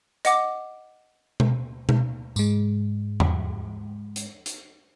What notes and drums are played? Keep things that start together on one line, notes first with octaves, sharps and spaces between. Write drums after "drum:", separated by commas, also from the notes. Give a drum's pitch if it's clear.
D#5 F#5 D6, drum: hi-hat
drum: tom B2
drum: tom B2
G#2 G#3, drum: tambourine
drum: tom E2
drum: hi-hat
drum: hi-hat